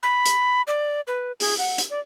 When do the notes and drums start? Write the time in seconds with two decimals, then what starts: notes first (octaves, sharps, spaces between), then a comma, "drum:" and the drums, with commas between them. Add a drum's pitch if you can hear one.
0.03 B5
0.26 drum: hi-hat
0.67 D5
1.07 B4
1.40 G#4, drum: open hi-hat
1.59 F#5
1.78 drum: hi-hat
1.90 D5